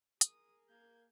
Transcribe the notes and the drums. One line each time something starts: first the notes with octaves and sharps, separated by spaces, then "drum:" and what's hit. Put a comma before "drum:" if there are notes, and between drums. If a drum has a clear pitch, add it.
G#4 A#4 D#6, drum: hi-hat
A#3 G6 G#6